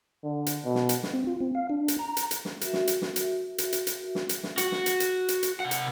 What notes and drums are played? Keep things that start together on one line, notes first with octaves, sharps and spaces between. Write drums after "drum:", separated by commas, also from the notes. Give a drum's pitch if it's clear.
D3
drum: hi-hat
B2
drum: snare
drum: hi-hat
drum: snare
C4
F4
C4
F5
D4
drum: hi-hat
A#5
drum: hi-hat
drum: hi-hat
drum: snare
F#4 A#4 E5, drum: hi-hat
drum: snare
drum: hi-hat
drum: snare
drum: hi-hat
drum: hi-hat
drum: hi-hat
drum: hi-hat
drum: snare
drum: hi-hat
drum: snare
F#4, drum: hi-hat
drum: snare
drum: hi-hat
drum: hi-hat
drum: hi-hat
drum: hi-hat
C3 F#5
drum: hi-hat